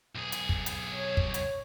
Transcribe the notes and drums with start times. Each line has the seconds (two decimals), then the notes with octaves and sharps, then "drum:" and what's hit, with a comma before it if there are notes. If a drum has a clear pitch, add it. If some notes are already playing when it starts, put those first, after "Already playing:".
0.15 B1 G#4
0.32 drum: hi-hat
0.49 drum: kick
0.66 drum: hi-hat
0.92 C#5
1.17 drum: kick
1.34 drum: hi-hat